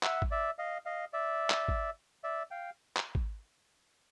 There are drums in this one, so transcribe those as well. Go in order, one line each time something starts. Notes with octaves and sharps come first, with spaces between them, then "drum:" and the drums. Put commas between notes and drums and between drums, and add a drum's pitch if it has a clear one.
E5 F#5, drum: clap
drum: kick G#1
D5 E5
D#5 F5
D#5 F5
D5 E5
drum: clap
drum: kick G#1
D5 E5
F5 G5
drum: clap
drum: kick G#1